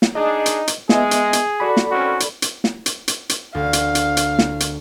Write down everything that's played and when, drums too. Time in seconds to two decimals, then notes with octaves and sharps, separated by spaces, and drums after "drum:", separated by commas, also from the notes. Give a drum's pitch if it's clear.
0.02 drum: snare
0.15 D4 D#4 G#4 D#5
0.46 drum: hi-hat
0.67 drum: hi-hat
0.89 G#3 B3 G#4 D#5 E5, drum: snare
1.11 drum: hi-hat
1.33 drum: hi-hat
1.60 F#4 A4 D5 B5
1.77 drum: snare
1.91 D#3 C4 C#4 F#4
2.20 drum: hi-hat
2.42 drum: hi-hat
2.64 drum: snare
2.86 drum: hi-hat
3.08 drum: hi-hat
3.29 drum: hi-hat
3.55 D2 F5
3.73 drum: hi-hat
3.95 drum: hi-hat
4.17 drum: hi-hat
4.39 drum: snare
4.60 drum: hi-hat